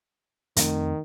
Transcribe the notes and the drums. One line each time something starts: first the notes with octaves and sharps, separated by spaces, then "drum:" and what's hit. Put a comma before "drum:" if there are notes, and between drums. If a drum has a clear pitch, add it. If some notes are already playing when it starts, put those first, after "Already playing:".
F2 D#3 A3 C4, drum: hi-hat